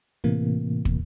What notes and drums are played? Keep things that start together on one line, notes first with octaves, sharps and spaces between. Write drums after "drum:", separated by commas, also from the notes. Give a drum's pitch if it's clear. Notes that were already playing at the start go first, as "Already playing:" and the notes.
A2 C3 E3 A#3
drum: kick